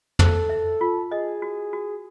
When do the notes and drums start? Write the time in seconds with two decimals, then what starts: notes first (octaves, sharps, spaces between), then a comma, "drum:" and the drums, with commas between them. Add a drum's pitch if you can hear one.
0.19 A4 C5, drum: tom
0.49 E5
0.81 F4
1.11 G#4 D#5
1.42 F#4
1.73 F#4